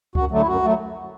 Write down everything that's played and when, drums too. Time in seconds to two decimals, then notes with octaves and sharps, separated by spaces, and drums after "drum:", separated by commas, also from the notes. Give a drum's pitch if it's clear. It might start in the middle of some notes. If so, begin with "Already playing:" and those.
0.15 F#2 F#4, drum: kick C#2
0.31 D3 F#3 A3
0.41 E4
0.47 F#2 F#4
0.63 F#3 A3